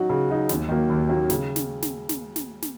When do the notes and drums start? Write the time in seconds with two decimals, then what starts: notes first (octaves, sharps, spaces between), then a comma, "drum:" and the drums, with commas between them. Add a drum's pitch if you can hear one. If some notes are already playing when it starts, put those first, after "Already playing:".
Already playing: F#3 D#4 F#4
0.10 C#3
0.30 F#3 D#4 F#4
0.49 D#2, drum: snare
0.69 D#3 F#3 A#3
0.90 D#2
1.09 D#3 F#3 A#3
1.30 C#3, drum: snare
1.56 drum: snare
1.82 drum: snare
2.09 drum: snare
2.36 drum: snare
2.62 drum: snare